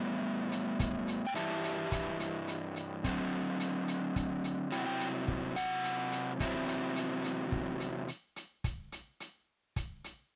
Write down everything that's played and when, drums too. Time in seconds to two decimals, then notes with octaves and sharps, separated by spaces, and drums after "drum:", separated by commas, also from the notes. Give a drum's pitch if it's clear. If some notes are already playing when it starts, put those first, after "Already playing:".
Already playing: A2 G3 B3
0.52 drum: hi-hat
0.80 drum: kick, hi-hat
1.08 drum: hi-hat
1.27 G5
1.35 G2 E3 G3 E4 A5, drum: hi-hat
1.64 drum: hi-hat
1.92 drum: kick, hi-hat
2.20 drum: hi-hat
2.48 drum: hi-hat
2.76 drum: hi-hat
3.04 D3 F#3 C4, drum: kick, hi-hat
3.60 drum: hi-hat
3.88 drum: hi-hat
4.16 drum: kick, hi-hat
4.44 drum: hi-hat
4.72 C3 F#3 C4 E4 G5, drum: hi-hat
4.79 F#5
4.86 G5
5.00 drum: hi-hat
5.28 drum: kick
5.56 F#5, drum: hi-hat
5.84 drum: hi-hat
6.12 drum: hi-hat
6.40 E2 C3 F#3 C4 E4, drum: kick, hi-hat
6.68 drum: hi-hat
6.96 drum: hi-hat
7.24 drum: hi-hat
7.52 drum: kick
7.80 drum: hi-hat
8.08 drum: hi-hat
8.36 drum: hi-hat
8.64 drum: kick, hi-hat
8.92 drum: hi-hat
9.20 drum: hi-hat
9.76 drum: kick, hi-hat
10.04 drum: hi-hat